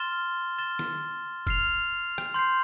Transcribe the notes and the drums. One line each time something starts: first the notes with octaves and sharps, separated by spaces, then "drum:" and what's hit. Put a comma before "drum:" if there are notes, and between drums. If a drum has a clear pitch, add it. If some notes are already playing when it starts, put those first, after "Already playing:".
Already playing: C6 F6 A6 E7 G7
F6 A6 E7 G7
drum: snare
F6 C7 F7, drum: kick
drum: rim click
C6 G6 C7